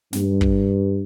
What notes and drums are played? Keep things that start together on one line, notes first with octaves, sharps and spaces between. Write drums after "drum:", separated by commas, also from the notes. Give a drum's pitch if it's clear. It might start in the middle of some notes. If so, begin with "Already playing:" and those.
G2, drum: snare
drum: kick